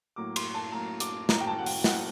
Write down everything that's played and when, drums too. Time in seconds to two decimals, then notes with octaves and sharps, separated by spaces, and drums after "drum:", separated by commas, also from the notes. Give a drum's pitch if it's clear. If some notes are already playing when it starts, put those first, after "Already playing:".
0.16 A2 F#3 A#3 D6
0.36 C6, drum: cymbal
0.54 A5
0.72 A2 F#3 A#3 A#5
1.00 D6, drum: hi-hat
1.29 A2 F#3 A#3 A#5, drum: snare
1.40 G5
1.47 A5
1.58 F#5
1.66 G5, drum: open hi-hat
1.84 A2 F#3 A#3 F#5, drum: snare